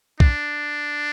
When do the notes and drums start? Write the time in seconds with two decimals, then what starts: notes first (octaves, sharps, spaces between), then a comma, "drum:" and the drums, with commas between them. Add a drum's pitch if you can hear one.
0.20 D4, drum: kick